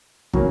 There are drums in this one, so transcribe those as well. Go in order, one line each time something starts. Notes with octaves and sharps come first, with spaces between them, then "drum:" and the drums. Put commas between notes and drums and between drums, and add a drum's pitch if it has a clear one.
C#3 F#3 A#3, drum: kick